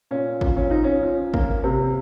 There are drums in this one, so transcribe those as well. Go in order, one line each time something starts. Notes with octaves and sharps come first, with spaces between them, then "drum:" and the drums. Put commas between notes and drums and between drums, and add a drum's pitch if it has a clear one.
A#2 C#4
A#2, drum: kick
C#4
F3 D#4
C#4
F3
A#3, drum: kick
C3